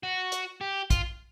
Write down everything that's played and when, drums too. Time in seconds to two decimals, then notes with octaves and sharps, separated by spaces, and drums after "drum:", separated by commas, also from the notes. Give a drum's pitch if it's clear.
0.03 F#4
0.32 drum: hi-hat
0.61 G4
0.90 F4, drum: kick, hi-hat